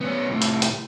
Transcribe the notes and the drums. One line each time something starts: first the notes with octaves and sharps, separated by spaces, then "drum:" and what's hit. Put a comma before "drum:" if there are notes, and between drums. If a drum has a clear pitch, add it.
B3 C#4
C2 A2
drum: hi-hat
drum: hi-hat